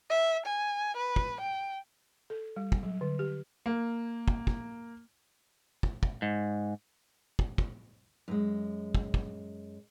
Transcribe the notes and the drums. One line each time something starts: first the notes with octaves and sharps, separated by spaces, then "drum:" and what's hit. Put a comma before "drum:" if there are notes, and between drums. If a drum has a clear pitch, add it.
E5
G#5
B4
drum: kick
G5
A4
G3
drum: kick
F#3
D3
G4
A#3
drum: kick
drum: kick
drum: kick
drum: kick
G#2
drum: kick
drum: kick
F#2 G#3
drum: kick
drum: kick